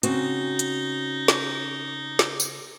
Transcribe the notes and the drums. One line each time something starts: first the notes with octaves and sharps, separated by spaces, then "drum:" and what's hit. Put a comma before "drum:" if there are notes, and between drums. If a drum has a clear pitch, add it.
C#3 C4 D#4 F#4, drum: hi-hat
drum: hi-hat
drum: snare
drum: snare
drum: tambourine